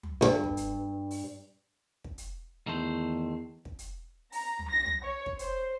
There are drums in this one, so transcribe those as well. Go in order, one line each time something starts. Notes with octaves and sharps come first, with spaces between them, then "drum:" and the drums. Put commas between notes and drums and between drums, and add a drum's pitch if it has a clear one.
drum: tom
D2 G2
drum: kick
drum: hi-hat
drum: open hi-hat
drum: kick
drum: hi-hat
E2 D#3 A3 C5
drum: kick
drum: hi-hat
A#5, drum: open hi-hat
drum: tom
A#6
drum: tom
C#5
drum: kick
C5, drum: hi-hat